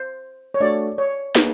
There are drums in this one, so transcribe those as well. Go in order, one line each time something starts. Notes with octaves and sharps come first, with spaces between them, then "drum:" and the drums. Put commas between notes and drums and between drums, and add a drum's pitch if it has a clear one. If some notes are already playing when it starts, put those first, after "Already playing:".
Already playing: C5
C#5
A3 D4 F#4 A4 D5
C#5
A#3 D#4 G#4 B4, drum: snare